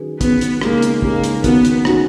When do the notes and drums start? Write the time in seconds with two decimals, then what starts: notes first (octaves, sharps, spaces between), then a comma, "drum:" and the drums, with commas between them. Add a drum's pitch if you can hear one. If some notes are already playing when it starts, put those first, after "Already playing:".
Already playing: D#3 F#3 C#4 G#4 B4
0.21 D#3 F#3 B3 C#4 G#4 B4, drum: kick, hi-hat
0.41 drum: hi-hat
0.61 C#3 G#3 A#3 D#4, drum: rim click
0.82 drum: hi-hat
1.02 C#3 G#3 A#3 D#4, drum: kick
1.24 drum: hi-hat
1.44 D#3 F#3 B3 C#4 F#4, drum: kick, hi-hat
1.65 drum: hi-hat
1.85 D#3 F#3 C#4 F#4, drum: rim click